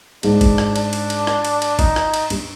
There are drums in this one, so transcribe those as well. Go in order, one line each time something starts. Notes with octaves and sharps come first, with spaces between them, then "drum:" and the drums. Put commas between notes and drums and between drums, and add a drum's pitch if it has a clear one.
G#2 G#3 D4, drum: cymbal
drum: kick, cymbal
drum: rim click
D4, drum: cymbal
drum: cymbal
drum: cymbal
drum: rim click
drum: cymbal
drum: cymbal
D#4, drum: kick, cymbal
drum: rim click
drum: cymbal
G2 G3, drum: cymbal